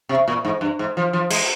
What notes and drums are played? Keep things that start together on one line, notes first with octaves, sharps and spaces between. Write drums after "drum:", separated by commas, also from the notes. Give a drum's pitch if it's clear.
C3
A#2
G#2
G2
G#2
F3
F3
G#3, drum: cymbal